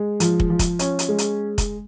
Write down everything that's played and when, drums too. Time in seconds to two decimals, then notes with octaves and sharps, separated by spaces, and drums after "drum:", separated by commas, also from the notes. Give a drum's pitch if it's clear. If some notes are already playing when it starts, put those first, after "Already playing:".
Already playing: G#3
0.20 F3, drum: hi-hat
0.40 drum: kick
0.50 F3
0.59 drum: kick, hi-hat
0.79 C#4, drum: hi-hat
0.99 drum: hi-hat
1.09 G#3
1.18 drum: hi-hat
1.58 drum: kick, hi-hat